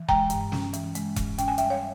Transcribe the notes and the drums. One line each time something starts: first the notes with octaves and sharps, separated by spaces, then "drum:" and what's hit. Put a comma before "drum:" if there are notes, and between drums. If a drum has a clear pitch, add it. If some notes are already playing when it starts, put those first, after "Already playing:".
Already playing: E3
G#3 G5 A#5, drum: kick E1
G2, drum: hi-hat
C#4, drum: snare
E3, drum: hi-hat
G#3, drum: hi-hat
G2, drum: kick E1, hi-hat
C#4 G5, drum: hi-hat
G#5
G3 E5 G5, drum: hi-hat
C#5 F5